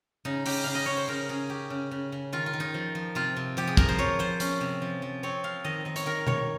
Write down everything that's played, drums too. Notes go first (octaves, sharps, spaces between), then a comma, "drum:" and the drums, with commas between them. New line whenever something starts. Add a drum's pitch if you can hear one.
C#3 D#4
C#3 G4, drum: open hi-hat
C#3 F5
D#5
C#3 C#5
C5
C#3 A#4
C#3 G#4
C#4 G4
C#3
C#3
C#3
D#3 F4
F4
D#3
D#4
F3
F3
C3 F4
C3
F3 G4
G#4
F3 A#4, drum: kick
C5
F3 C#5
F3 C5
C#4, drum: hi-hat
C3
F3
F3
C4 C#5
F3 F5
D#3 D#5
D#3 D#5
C#5, drum: hi-hat
D#3 A#4
D#3 C#5, drum: tom B2